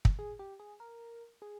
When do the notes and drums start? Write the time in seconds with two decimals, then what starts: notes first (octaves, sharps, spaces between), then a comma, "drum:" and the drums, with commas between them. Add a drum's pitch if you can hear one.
0.05 drum: kick
0.19 G#4
0.39 G4
0.60 G#4
0.80 A#4
1.42 G#4